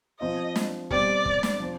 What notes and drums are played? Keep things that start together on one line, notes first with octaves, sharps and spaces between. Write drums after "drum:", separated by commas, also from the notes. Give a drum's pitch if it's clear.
F3 C4 F4 D#5
drum: snare
B2 G3 C4 G4 D5, drum: kick
drum: kick
drum: snare
F3 C4